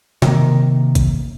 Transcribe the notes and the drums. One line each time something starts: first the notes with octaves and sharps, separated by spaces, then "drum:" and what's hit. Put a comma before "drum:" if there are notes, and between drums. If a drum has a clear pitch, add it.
C3 D#3 A#3, drum: snare
drum: kick, hi-hat